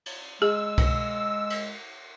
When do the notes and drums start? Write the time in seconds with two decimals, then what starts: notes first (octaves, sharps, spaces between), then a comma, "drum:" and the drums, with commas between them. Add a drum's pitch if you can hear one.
0.06 drum: cymbal
0.42 G#3 G#4 E6
0.78 drum: kick C2, cymbal
1.50 drum: cymbal